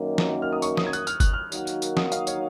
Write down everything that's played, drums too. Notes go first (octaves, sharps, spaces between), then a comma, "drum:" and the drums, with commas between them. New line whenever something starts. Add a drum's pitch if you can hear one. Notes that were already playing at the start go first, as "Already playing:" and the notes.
Already playing: F#2 D#3 F#3 A#3
drum: snare
F6
D#6
C#6, drum: tambourine
D#6, drum: snare
G#6
F#6, drum: tambourine
F6, drum: tambourine
F#6, drum: kick G1, tambourine
F6
D#3 F#3 A#3 D#4 F#4, drum: tambourine
drum: tambourine
drum: tambourine
D#6, drum: snare
F5, drum: tambourine
C#5, drum: tambourine